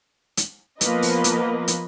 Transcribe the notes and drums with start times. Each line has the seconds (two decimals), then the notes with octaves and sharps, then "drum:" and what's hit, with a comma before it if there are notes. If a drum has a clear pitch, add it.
0.37 drum: hi-hat
0.81 F3 A#3 B3 B4 D#5, drum: hi-hat
1.02 drum: open hi-hat
1.24 drum: hi-hat
1.68 drum: hi-hat